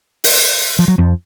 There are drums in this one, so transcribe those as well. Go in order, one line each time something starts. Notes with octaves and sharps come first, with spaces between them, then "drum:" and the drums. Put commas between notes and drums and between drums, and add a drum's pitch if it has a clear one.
drum: open hi-hat
F3
F#3
F2 F3